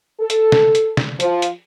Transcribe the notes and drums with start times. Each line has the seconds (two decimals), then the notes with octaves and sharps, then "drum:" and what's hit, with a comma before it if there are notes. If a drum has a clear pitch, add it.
0.21 A4
0.30 drum: hi-hat
0.52 drum: snare
0.75 drum: hi-hat
0.97 drum: snare
1.20 F3, drum: hi-hat
1.42 drum: hi-hat